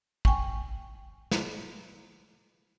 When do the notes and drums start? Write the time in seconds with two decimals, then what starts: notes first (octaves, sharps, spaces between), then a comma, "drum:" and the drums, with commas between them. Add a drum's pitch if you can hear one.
0.25 G5 G#5 C#6, drum: kick
1.31 drum: snare